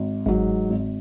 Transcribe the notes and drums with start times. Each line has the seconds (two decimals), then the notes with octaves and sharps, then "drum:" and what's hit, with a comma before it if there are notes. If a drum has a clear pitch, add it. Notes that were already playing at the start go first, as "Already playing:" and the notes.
Already playing: G#1
0.26 G#2 F#3, drum: kick G1
0.70 G#1